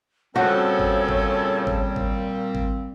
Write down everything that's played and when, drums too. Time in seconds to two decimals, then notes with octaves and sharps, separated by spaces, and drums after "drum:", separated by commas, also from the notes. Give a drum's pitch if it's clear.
0.36 A#2 C#3 F3 G3 C4 F#4 A4 C#5
0.79 drum: kick G#1
1.09 drum: kick G#1
1.67 drum: kick G#1
1.96 drum: kick G#1
2.55 drum: kick G#1